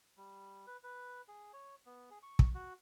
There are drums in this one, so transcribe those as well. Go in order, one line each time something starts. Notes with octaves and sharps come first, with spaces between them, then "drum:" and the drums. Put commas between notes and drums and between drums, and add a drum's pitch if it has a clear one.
G3
B4
B4
G#4
C#5
B3
G#4
C#6
drum: kick
F#4